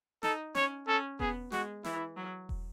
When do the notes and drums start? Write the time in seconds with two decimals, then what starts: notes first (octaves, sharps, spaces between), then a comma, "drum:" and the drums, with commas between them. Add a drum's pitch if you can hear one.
0.23 D#4 A4, drum: snare
0.55 C#4 C#5, drum: snare
0.87 C#4 A4
1.20 B3 G#4, drum: kick E1
1.52 G#3 F#4, drum: snare
1.84 E3 E4, drum: snare
2.17 F#3
2.49 drum: kick E1